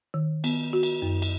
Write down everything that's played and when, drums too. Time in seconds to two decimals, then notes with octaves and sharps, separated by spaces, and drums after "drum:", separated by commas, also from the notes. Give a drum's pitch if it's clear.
0.14 D#3
0.44 B3, drum: cymbal
0.73 F#4
0.83 drum: cymbal
1.02 F#2
1.22 drum: cymbal